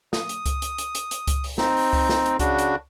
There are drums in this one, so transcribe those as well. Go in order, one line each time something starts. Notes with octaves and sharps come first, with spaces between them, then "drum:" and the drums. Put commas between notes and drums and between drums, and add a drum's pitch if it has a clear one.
D#6, drum: snare
drum: hi-hat
drum: kick C#2, hi-hat
drum: hi-hat
drum: hi-hat
drum: hi-hat
drum: hi-hat
drum: kick C#2, hi-hat
drum: open hi-hat
C4 D#4, drum: snare
drum: open hi-hat
drum: kick C#2, open hi-hat
drum: snare
drum: hi-hat
C#3 D4 F#4, drum: kick C#2, hi-hat
drum: hi-hat